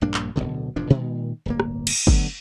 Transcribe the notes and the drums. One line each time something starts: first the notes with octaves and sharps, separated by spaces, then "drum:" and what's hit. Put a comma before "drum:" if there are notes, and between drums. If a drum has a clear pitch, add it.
A#1 G2 A#3 D4
drum: clap
D1 D#2 B2 D3
E1 G#2 F3 D4
A#2 D#3 G#3
D1 G1 A#3
drum: rim click
drum: cymbal
D3 F#3 A3 B3, drum: kick